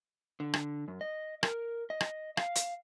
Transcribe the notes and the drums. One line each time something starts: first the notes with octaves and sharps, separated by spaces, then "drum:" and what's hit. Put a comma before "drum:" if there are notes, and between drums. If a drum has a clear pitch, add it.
D3
drum: rim click
F#2
D#5
A#4, drum: rim click
D#5
drum: rim click
F5, drum: rim click
drum: hi-hat